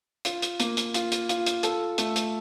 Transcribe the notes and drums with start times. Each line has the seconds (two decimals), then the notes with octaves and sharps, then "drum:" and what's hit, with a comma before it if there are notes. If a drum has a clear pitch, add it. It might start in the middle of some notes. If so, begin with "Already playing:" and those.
0.25 F4, drum: hi-hat
0.42 drum: hi-hat
0.60 A#3, drum: hi-hat
0.77 drum: hi-hat
0.94 F4, drum: hi-hat
1.12 drum: hi-hat
1.29 F4, drum: hi-hat
1.46 drum: hi-hat
1.63 A4, drum: hi-hat
1.98 A3, drum: hi-hat
2.16 drum: hi-hat